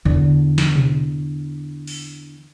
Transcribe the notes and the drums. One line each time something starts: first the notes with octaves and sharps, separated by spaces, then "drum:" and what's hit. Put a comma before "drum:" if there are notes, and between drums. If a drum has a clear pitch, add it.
E2 D3, drum: tom C#3
drum: snare
drum: tom B2
drum: open hi-hat